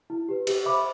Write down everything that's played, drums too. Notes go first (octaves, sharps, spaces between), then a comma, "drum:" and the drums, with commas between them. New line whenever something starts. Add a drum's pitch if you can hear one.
E4
G4 B4
G4, drum: cymbal
C5 E5 B5 D6